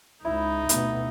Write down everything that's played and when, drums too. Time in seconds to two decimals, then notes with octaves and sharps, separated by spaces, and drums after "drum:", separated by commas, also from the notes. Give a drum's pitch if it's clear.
0.25 C#2 D#4 E4
0.69 D2 B2 B3, drum: hi-hat